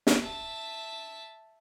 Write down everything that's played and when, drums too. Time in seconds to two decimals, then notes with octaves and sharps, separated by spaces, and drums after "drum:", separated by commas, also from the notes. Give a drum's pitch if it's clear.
0.07 drum: snare
0.22 E5 A5